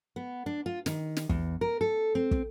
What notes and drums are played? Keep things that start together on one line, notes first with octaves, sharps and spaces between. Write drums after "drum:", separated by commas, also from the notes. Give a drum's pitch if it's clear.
B3
D4
F4
D#3, drum: snare
drum: snare
E2, drum: kick
A#4
A4
C4
drum: kick